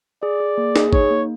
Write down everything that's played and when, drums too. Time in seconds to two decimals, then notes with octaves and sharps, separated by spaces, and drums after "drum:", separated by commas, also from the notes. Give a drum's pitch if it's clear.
0.23 G#4 D5
0.40 G#4
0.58 A#3
0.76 G#4, drum: snare
0.93 D#4 C#5, drum: kick
1.10 A#3